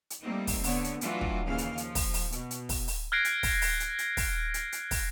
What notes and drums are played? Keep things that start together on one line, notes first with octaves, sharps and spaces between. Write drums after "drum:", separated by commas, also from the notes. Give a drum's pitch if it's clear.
drum: hi-hat
G3 A3 A#3 C4 D#4
drum: kick, open hi-hat
D3 B3 C#5, drum: open hi-hat
drum: hi-hat
E3 F#3 A3 D4 F4 F#4, drum: hi-hat
drum: kick
D#2 C#3 E3 F5
drum: hi-hat
F3, drum: hi-hat
drum: kick, open hi-hat
drum: open hi-hat
B2, drum: hi-hat
drum: hi-hat
drum: kick, open hi-hat
drum: open hi-hat
F6 F#6 G#6 A#6 C7 D7
drum: hi-hat
drum: kick, open hi-hat
drum: open hi-hat
drum: hi-hat
drum: hi-hat
drum: kick, open hi-hat
drum: hi-hat
drum: hi-hat
drum: kick, open hi-hat